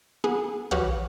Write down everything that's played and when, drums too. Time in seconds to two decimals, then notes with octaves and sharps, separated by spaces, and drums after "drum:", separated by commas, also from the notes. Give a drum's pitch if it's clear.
0.24 B3 G#4
0.71 F#4 G4 B4 C#5 F5 F#5, drum: tom